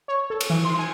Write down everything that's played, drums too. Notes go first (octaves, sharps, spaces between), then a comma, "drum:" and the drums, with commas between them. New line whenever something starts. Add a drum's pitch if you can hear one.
C#5
A4
drum: cymbal
E3
C6
G#5